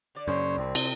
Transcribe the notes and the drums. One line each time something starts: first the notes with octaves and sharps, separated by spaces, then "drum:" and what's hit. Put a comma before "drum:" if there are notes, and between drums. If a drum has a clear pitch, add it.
D3 D5
F#2 C#3 C5 C#5
C2 C4
C3, drum: cymbal